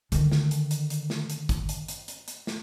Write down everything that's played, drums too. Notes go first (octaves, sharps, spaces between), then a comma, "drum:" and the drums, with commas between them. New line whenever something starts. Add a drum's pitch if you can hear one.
D3 D#3, drum: hi-hat
drum: snare
drum: hi-hat
drum: hi-hat
drum: hi-hat
drum: snare
drum: hi-hat
drum: kick G1, hi-hat
drum: hi-hat
drum: hi-hat
drum: hi-hat
drum: hi-hat
drum: snare